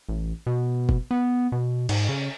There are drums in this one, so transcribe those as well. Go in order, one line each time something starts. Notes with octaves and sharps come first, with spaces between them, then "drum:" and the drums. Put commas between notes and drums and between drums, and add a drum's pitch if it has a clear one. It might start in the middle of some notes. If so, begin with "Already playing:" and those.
A1
B2
drum: kick
B3
B2
G#2, drum: cymbal
C#3